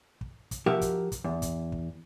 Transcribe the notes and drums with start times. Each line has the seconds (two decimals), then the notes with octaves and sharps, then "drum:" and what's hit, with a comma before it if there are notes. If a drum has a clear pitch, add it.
0.21 drum: kick
0.51 drum: kick, hi-hat
0.66 F3 F#4 G4 A#4 E5
0.81 drum: kick, hi-hat
1.12 drum: kick, hi-hat
1.24 E2
1.42 drum: kick, hi-hat
1.72 drum: kick